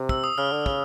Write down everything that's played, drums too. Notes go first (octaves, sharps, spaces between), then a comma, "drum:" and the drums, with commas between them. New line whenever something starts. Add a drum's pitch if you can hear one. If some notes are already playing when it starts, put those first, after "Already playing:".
Already playing: C3
E6, drum: kick
D#6
C#3 F6
D3
C#3, drum: kick